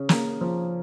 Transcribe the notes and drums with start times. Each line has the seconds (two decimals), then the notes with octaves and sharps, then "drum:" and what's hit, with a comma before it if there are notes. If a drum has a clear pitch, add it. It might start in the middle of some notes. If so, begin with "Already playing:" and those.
Already playing: C#3 C#4
0.09 A#3, drum: snare
0.41 F3